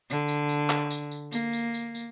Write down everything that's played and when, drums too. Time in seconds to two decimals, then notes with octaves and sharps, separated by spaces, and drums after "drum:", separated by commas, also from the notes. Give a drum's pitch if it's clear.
0.10 D3, drum: tambourine
0.28 drum: tambourine
0.49 drum: tambourine
0.70 drum: clap
0.91 drum: tambourine
1.11 drum: tambourine
1.32 A#3, drum: tambourine
1.53 drum: tambourine
1.74 drum: tambourine
1.95 drum: tambourine